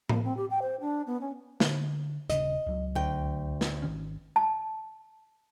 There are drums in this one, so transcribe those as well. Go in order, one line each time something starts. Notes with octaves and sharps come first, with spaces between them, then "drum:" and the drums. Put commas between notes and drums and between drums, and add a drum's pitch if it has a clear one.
A#3, drum: tom A2
C4
G4
G5
C5
D4
B3
C#4
D3, drum: snare
D#1 C#3 D#5, drum: hi-hat
C#2 F#3
D2 G5
drum: snare
G#1 D#3 C#4
A5